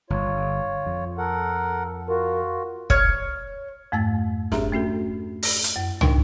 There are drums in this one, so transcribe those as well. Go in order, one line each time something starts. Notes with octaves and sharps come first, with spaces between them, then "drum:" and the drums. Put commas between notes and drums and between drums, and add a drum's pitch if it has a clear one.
G1 F4 C#5
F2
A4 A#4 F#5
F4 F#4 A#4
C#5 F6, drum: kick
F2 G#2 A3 A5 E6 A6
D4 G4 G#4 E5 A#5, drum: snare
A3 C#4 F#4 A4
A#6, drum: open hi-hat
drum: hi-hat
F#2
D4 D#4 A#4 G5, drum: tom